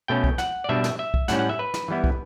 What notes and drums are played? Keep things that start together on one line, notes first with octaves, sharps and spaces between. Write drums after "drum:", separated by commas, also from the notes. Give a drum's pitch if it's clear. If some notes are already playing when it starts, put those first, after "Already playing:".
B2 A3 C#4 G5
drum: kick
F#5, drum: snare
D5
B2 G3 D4 E5
drum: snare
E5
drum: kick
A2 G3 C#4 F#5, drum: snare
F#5
E5
B4
drum: snare
E3 G3 B3 E4
drum: kick